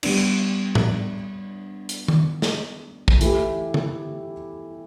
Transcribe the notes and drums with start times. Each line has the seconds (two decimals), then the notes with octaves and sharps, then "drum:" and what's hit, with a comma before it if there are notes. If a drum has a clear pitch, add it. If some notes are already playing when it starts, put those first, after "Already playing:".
0.03 G3 B3 D4, drum: cymbal
0.75 drum: tom A2
1.89 drum: hi-hat
2.08 drum: tom D#3
2.42 drum: snare
3.08 drum: kick
3.21 E3 A3 E4 G4, drum: hi-hat
3.74 drum: tom